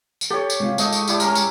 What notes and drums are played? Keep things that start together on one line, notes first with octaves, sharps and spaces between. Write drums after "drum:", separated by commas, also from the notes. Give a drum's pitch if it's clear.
drum: tambourine
G4 A4 C#5
drum: tambourine
G#2 C3 F4
G#2 A3 D#5, drum: tambourine
drum: tambourine
A3 E4 G4 D5, drum: tambourine
C#4 A#4 A#5, drum: tambourine
drum: tambourine